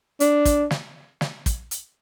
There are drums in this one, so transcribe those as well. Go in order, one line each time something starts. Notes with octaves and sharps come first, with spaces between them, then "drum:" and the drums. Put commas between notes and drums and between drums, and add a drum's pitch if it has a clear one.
D4, drum: hi-hat
drum: kick, hi-hat
drum: snare
drum: snare
drum: kick, hi-hat
drum: hi-hat